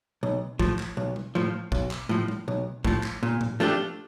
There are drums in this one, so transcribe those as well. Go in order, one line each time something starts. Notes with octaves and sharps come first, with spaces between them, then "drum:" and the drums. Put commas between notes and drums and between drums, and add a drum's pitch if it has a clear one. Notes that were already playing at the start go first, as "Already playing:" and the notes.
B1
A2 F3, drum: kick
drum: clap
B1
drum: tom G3
A2 F3
B1, drum: kick
drum: clap
A2 F3
drum: tom G3
B1
A2 F3, drum: kick
drum: clap
A#2
drum: tom A2
F3 A3 D4 G4